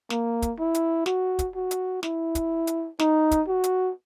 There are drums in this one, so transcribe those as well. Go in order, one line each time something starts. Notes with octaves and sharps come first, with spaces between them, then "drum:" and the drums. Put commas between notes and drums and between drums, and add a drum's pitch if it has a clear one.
A#3, drum: snare
drum: kick, hi-hat
E4
drum: hi-hat
F#4, drum: snare
drum: kick, hi-hat
F#4
drum: hi-hat
E4, drum: snare
drum: kick, hi-hat
drum: hi-hat
D#4, drum: snare
drum: kick, hi-hat
F#4
drum: hi-hat